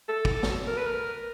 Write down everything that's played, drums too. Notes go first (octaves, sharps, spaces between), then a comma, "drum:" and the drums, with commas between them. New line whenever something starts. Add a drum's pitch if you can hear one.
A4
drum: kick
drum: snare
A#4
B4
A#4